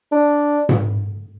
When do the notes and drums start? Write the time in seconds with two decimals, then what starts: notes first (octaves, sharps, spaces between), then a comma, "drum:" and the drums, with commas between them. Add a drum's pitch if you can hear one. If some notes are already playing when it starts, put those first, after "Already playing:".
0.12 D4
0.69 drum: tom G#2